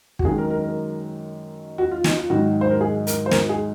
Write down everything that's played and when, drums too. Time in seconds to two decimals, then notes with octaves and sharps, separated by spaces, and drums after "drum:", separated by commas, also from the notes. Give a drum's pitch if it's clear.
0.19 F#4, drum: kick
0.25 F#2 D#3 G#3 G#4
0.38 A#4
0.50 A#4
0.64 A#4
1.78 F#4
1.91 F4
2.04 D#4, drum: snare
2.17 F4
2.30 G#2 D#3 F#3 F#4
2.61 C5
2.71 A#4
2.81 G#4
3.07 A#4, drum: hi-hat
3.26 C5
3.31 A#4, drum: snare
3.49 G#4